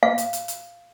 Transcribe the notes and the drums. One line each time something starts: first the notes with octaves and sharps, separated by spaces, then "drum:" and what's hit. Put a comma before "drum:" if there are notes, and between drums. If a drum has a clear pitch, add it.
F5
drum: hi-hat
drum: hi-hat
drum: hi-hat